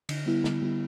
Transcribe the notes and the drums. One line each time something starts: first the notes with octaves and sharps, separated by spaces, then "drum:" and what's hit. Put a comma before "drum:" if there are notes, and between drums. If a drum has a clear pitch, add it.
D3, drum: cymbal
G3 B3 E4
D3, drum: snare
G3 B3 E4